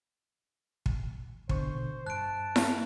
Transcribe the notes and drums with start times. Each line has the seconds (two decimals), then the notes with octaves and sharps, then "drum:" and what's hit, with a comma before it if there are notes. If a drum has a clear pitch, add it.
0.86 drum: kick
1.49 B2 D3 C5 C#6, drum: kick
2.07 G2 A5 F#6 D7
2.56 drum: snare E4